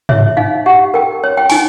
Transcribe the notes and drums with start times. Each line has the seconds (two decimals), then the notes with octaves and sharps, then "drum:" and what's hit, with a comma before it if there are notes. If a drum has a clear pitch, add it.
0.09 C#5 E5, drum: tom
0.37 D#4 F5
0.66 G4 F#5
0.94 A#4 G5
1.24 C#5
1.37 G5
1.50 D#4 G#5, drum: open hi-hat